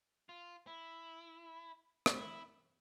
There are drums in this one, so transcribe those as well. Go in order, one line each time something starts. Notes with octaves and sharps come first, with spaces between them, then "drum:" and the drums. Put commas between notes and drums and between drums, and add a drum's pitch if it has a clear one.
F4
E4
drum: rim click
E4